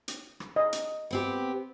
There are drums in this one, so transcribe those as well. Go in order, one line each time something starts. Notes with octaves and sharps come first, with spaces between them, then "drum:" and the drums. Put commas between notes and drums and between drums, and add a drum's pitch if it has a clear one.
drum: hi-hat
drum: rim click
D#5
drum: hi-hat
B3 C4 G4